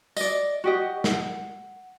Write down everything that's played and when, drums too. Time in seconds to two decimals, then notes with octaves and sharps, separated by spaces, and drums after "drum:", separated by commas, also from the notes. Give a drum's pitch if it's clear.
0.16 D5 D#5, drum: tambourine
0.64 F#4 G4 D#5
1.04 F#5, drum: snare